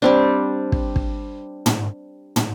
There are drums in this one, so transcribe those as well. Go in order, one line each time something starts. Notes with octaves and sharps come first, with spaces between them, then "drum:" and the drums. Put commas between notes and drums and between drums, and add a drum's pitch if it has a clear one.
G3 C4 D4
drum: kick
drum: kick
drum: tom
drum: tom